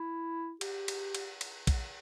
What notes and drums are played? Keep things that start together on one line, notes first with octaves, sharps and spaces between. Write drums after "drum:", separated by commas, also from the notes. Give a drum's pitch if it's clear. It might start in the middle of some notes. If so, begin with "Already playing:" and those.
Already playing: E4
G4, drum: cymbal
drum: cymbal
drum: cymbal
drum: cymbal
drum: kick A#1, cymbal